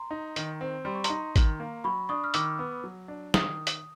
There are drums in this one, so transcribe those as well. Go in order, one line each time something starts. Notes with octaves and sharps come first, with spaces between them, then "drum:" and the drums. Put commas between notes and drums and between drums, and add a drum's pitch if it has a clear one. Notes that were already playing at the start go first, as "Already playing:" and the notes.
Already playing: A#5 C6
D#4
D#3, drum: hi-hat
C4
G3 C6
C#6
A#5 C6, drum: hi-hat
D#4
D#3, drum: kick G#1, hi-hat
A#3
F#3 B5 C#6
D4 C#6 D#6
F6
D#3 D6 E6, drum: hi-hat
B3
F#3
D4
D#3 D#6, drum: snare
drum: hi-hat